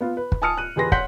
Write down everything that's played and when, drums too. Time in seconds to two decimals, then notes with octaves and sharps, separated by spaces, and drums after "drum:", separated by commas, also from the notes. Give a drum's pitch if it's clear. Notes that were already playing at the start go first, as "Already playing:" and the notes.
0.01 B3 F4
0.17 B4
0.32 drum: kick
0.42 G#5 A5 D#6 F6 C#7
0.57 F#6 D#7
0.76 E1 G4 G#4 B4 C6 A#6
0.92 C#5 F#5 C6 G6 B6, drum: kick